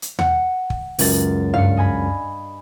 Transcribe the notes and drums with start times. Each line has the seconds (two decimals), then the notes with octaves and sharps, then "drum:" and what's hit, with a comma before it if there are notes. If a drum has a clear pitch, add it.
0.02 drum: hi-hat
0.19 F#5, drum: tom D#2
0.70 drum: kick
0.99 C#2 F#2 A6, drum: open hi-hat
1.54 G2 F5 C#7
1.77 D#5 G#5 B5